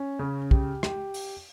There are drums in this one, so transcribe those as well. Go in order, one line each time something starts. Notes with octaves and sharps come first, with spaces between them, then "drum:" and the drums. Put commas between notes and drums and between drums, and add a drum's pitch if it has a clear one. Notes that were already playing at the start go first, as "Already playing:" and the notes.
Already playing: C#4
C#3
G4, drum: kick
G4, drum: rim click
drum: open hi-hat